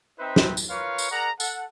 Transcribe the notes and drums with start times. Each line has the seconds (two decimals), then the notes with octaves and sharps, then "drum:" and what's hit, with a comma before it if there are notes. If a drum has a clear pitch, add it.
0.19 C4 D#4 B4 C5 E5 G5
0.36 drum: snare
0.57 drum: tambourine
0.70 F4 A#4 B4 C#5 F5 C#6
0.98 drum: tambourine
1.11 G#4 A#4 D5 F#5 A#5
1.40 A4 F#5, drum: tambourine